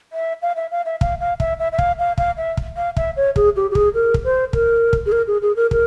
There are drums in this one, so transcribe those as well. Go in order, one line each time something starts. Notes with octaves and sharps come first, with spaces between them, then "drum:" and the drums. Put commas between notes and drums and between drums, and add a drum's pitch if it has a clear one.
E5
F5
E5
F5
E5
F5, drum: kick
F5
E5, drum: kick
E5
E5
F5, drum: kick
F5
F5, drum: kick
E5
drum: kick
F5
E5, drum: kick
C#5
G#4, drum: kick
G4
G4
G#4, drum: kick
A#4
drum: kick
C5
A#4, drum: kick
drum: kick
G#4
A#4
G#4
G#4
A#4
A#4, drum: kick